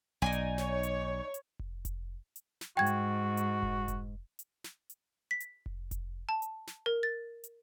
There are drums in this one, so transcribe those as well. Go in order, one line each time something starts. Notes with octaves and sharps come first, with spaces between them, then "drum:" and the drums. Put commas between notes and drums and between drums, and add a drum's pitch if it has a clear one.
B1 D#4 D5 G#5
drum: hi-hat
C#5, drum: snare
drum: hi-hat
drum: hi-hat
drum: kick F1
drum: kick F1, hi-hat
drum: hi-hat
drum: snare
G#2 F#4 G5 G#6
drum: hi-hat
drum: hi-hat
drum: kick F1
drum: kick F1, hi-hat
drum: hi-hat
drum: snare
drum: hi-hat
B6
drum: hi-hat
drum: kick F1
drum: kick F1, hi-hat
A5
drum: hi-hat
drum: snare
A#4
A6
drum: hi-hat